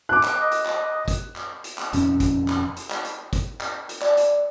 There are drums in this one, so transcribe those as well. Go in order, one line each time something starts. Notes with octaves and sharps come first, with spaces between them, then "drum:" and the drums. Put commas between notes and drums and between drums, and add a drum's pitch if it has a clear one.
D6 F#6
drum: clap
D#5
drum: hi-hat
drum: clap
drum: kick, hi-hat
drum: clap
drum: hi-hat
drum: clap
D#1 F2 C3 C#4, drum: hi-hat
drum: kick, hi-hat
drum: clap
drum: hi-hat
drum: clap
drum: hi-hat
drum: kick, hi-hat
drum: clap
drum: hi-hat
D5, drum: clap
drum: hi-hat